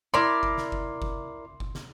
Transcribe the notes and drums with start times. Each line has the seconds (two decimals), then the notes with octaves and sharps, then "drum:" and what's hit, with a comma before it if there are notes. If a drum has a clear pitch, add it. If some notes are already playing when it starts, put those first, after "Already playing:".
0.14 E4 A#4 D5 C6
0.43 drum: kick F#1
0.58 drum: snare
0.72 drum: kick F#1
1.02 drum: kick F#1
1.60 drum: kick F#1
1.75 drum: snare